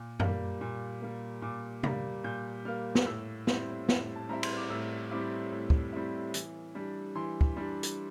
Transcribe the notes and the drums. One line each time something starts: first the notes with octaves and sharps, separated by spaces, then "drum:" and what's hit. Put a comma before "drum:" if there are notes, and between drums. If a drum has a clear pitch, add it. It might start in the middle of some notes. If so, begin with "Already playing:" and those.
Already playing: A#2
G3 A#3, drum: tom F#2
A#2
G3 A#3
A#2 D6
G3 A#3, drum: tom
A#2 G6
G3 A#3 F6
drum: snare
A2 E6
G3 C4 E4, drum: snare
A2, drum: snare
A5
G3 C4 E4 A#5
C6, drum: cymbal
D6
A2 E6
G3 C4 E4 D6
A2
drum: kick
G3 C4 E4
E3, drum: hi-hat
G3 D4
E3 C6
drum: kick
G3 D4
drum: hi-hat